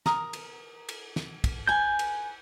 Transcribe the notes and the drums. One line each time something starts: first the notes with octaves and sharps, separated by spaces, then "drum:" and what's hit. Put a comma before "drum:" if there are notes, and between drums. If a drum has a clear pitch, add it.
A#4 D#6, drum: snare
drum: cymbal
drum: cymbal
drum: snare
drum: kick, cymbal
B4 G#5 G6
drum: cymbal